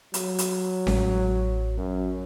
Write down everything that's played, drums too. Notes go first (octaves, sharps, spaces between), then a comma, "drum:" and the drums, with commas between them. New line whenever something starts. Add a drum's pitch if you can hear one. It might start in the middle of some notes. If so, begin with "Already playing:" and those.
F#3, drum: hi-hat
drum: hi-hat
A1, drum: snare C#4
F#2